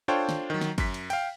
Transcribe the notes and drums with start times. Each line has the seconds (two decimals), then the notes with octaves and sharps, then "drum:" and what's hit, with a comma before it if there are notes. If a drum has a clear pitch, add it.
0.08 D4 F4 A4 C5 C#5 G5
0.29 drum: snare
0.50 D#3 F#3
0.61 drum: snare
0.78 F#2 B6, drum: kick, cymbal
0.94 drum: cymbal
1.10 F5 G5, drum: cymbal